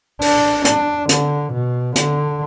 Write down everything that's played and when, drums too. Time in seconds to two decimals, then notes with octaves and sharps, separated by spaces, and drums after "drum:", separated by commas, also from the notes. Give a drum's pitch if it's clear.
0.21 D4, drum: open hi-hat
0.65 D4, drum: hi-hat
1.09 D3, drum: hi-hat
1.52 B2
1.95 D3, drum: hi-hat